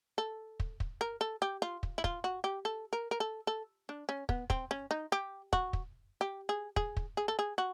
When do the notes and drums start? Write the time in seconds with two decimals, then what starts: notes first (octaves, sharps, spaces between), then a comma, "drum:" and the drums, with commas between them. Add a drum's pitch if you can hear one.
0.18 A4
0.60 drum: kick
0.80 drum: kick
1.01 A#4
1.21 A4
1.42 G4
1.62 F4
1.83 drum: kick
1.98 E4
2.04 F4, drum: kick
2.24 F#4
2.44 G4
2.65 A4
2.93 A#4
3.11 A#4
3.20 A4
3.47 A4
3.89 D4
4.09 C#4
4.29 B3, drum: kick
4.50 C4, drum: kick
4.71 C#4
4.91 D#4
5.12 G4
5.53 F#4, drum: kick
5.73 drum: kick
6.21 G4
6.49 G#4
6.76 G#4, drum: kick
6.97 drum: kick
7.17 G#4
7.28 A4
7.39 G#4
7.58 F#4